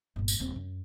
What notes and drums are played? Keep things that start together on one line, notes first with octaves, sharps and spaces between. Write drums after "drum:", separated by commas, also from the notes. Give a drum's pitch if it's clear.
G1 A#2
drum: tambourine
D#1 C4
F#2